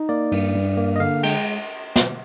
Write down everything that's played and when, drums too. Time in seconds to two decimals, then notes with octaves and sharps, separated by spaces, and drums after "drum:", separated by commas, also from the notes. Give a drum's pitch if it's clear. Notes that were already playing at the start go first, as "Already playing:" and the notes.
Already playing: D#4
0.09 A#3 D5
0.32 G2, drum: cymbal
0.55 G2
0.77 A#3
0.96 D#5
1.00 D3 F5
1.23 G#3 G5, drum: cymbal
1.96 drum: snare